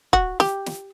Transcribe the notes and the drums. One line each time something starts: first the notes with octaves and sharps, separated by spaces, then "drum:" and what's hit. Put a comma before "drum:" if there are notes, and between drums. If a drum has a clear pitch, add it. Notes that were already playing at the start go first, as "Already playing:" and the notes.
F#4, drum: kick
G4, drum: snare
drum: snare